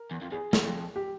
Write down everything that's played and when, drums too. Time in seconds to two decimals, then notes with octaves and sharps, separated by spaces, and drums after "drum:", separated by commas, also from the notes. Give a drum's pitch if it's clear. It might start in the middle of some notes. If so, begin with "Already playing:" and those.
Already playing: A#4
0.11 E2
0.22 F2
0.32 E2 G#4
0.53 E2, drum: snare
0.64 F2
0.96 G4